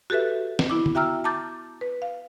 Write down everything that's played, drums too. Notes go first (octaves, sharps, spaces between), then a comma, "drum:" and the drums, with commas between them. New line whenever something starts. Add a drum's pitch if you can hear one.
F#4 G4 A4 B4 E5
drum: snare
B3 E4 D6
drum: tom
F#4 E5 G5 A#5 E6 F6
A5 A#5 D6 G6 A6
B4
F5